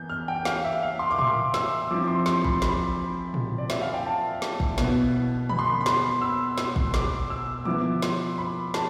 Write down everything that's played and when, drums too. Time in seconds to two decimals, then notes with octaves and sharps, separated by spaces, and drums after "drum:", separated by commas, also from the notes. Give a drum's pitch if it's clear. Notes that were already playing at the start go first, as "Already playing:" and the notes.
Already playing: E3 B3 G6
0.10 F6
0.28 G5
0.45 F5, drum: snare
0.64 E5
0.82 F5
0.99 C6
1.11 D6
1.19 C6, drum: tom A2
1.54 E6, drum: snare
1.91 F3 C4 E4 D6
2.08 C6
2.26 C6, drum: snare
2.45 B5, drum: kick
2.62 B5, drum: snare
3.34 drum: tom A2
3.58 D5
3.70 E5, drum: snare
3.82 F5
3.94 G5
4.06 A5
4.42 drum: snare
4.60 drum: kick
4.78 B2 B3 E4, drum: snare
5.49 B5, drum: tom D3
5.59 C6
5.66 B5
5.81 B5
5.86 C6, drum: snare
6.22 E6
6.58 C6, drum: snare
6.76 drum: kick
6.94 D6, drum: snare
7.30 E6
7.65 F3 B3 E4 D6, drum: tom D3
8.02 C6, drum: snare
8.38 B5
8.74 A5, drum: snare